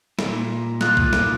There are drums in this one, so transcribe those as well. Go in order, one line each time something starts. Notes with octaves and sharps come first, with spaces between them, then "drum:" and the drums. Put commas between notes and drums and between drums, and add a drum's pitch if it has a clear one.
A#2, drum: snare
F4 D6 D#6 F#6, drum: snare
drum: kick
drum: snare